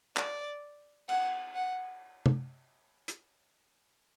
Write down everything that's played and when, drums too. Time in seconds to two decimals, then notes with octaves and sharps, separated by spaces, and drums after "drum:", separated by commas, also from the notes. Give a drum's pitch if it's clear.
0.17 D5, drum: clap
1.09 F#5, drum: cymbal
1.55 F#5
2.26 drum: tom
3.08 drum: hi-hat